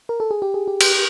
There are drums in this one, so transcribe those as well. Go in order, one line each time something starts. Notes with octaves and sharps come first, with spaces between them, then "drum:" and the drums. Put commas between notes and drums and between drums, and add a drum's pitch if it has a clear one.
A#4
A4
G#4
G4
G#4
G4
G4, drum: cymbal